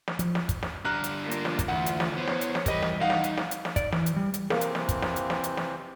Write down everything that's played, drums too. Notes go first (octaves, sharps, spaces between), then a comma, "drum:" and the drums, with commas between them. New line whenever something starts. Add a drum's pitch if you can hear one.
drum: snare
F3, drum: hi-hat
drum: snare
drum: kick, hi-hat
drum: snare
D3 G3 A#5 F6 F#6
drum: hi-hat
A#3 F4
drum: hi-hat
drum: snare
drum: kick, hi-hat
D2 E3 F4 F#5
drum: hi-hat
drum: snare
E3 B3 C5 C#5
drum: snare
drum: hi-hat
drum: snare
E3 G3 G4 A#4 D#5 B5, drum: kick, hi-hat
drum: snare
C2 D#4 D#5 F5 F#5
drum: snare
drum: hi-hat
drum: snare
drum: hi-hat
drum: snare
D5, drum: kick, hi-hat
E3, drum: snare
drum: hi-hat
G3
drum: hi-hat
C3 E3 A#3 C4, drum: snare
drum: hi-hat
drum: snare
drum: kick, hi-hat
drum: snare
drum: hi-hat
drum: snare
drum: hi-hat
drum: snare